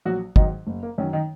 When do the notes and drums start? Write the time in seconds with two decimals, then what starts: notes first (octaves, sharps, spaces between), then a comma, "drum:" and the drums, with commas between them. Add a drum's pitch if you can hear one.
0.05 A#1 F#3 F#4
0.36 G#2 D#3 F#3 D#4, drum: kick
0.67 F#1
0.83 A#3
0.98 F#2 D#3 F#3 C#4
1.13 D#3 D#4